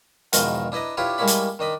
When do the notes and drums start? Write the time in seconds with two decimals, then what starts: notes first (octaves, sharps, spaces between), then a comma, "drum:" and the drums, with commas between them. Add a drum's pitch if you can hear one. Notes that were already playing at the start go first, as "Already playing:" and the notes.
0.33 E2 G#2 B2 D#3 F3 A#4, drum: hi-hat
0.72 D4 E4 B4 D#5 A#5
0.97 D4 E4 F4 G4 B4 C#5
1.18 G3 G#3 A#3 E4 C#5 B5
1.27 drum: hi-hat
1.59 D#3 D4 D#5 B5